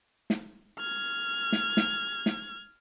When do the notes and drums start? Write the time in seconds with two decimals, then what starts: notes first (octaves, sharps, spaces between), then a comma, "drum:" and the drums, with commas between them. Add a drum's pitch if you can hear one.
0.30 drum: snare
0.79 F6 G#6
1.52 drum: snare
1.77 drum: snare
2.26 drum: snare